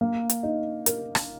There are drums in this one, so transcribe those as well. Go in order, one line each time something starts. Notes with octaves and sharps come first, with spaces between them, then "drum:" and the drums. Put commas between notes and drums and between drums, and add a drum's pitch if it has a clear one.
A#3
drum: hi-hat
D#4
A#4, drum: hi-hat
drum: rim click